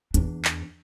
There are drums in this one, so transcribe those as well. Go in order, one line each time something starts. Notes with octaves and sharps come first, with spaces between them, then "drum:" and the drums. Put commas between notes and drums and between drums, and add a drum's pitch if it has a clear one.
E2 D4, drum: hi-hat
drum: clap